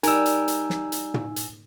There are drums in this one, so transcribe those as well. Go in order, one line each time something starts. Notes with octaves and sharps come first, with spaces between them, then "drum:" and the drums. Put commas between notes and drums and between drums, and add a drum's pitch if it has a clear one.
G3 D#4 A#4 G#5 E6, drum: hi-hat
drum: hi-hat
drum: hi-hat
drum: snare
drum: hi-hat
drum: tom
drum: hi-hat